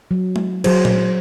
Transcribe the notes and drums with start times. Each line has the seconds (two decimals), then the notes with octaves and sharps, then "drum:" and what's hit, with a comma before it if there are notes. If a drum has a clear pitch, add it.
0.11 F#3
0.36 drum: tom G#3
0.64 F#3 G#4 C5, drum: cymbal
0.85 drum: tom A#2